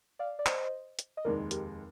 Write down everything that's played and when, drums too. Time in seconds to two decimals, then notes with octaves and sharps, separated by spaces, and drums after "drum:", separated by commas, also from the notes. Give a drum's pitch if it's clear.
0.19 D5 F5
0.39 D5
0.46 C5 D#5, drum: clap
0.99 drum: hi-hat
1.17 D#5
1.25 F1 D#2 D#3 G#3 A#4 D5
1.51 G4 A#4, drum: hi-hat